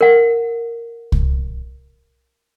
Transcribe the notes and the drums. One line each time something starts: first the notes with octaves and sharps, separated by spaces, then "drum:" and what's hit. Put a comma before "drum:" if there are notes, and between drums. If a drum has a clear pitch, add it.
A#4 F#5
drum: kick C2